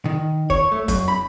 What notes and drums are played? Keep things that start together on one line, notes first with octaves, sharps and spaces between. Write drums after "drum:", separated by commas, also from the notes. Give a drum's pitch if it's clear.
D#3
C#5, drum: kick
A3
F#2, drum: kick, hi-hat
B5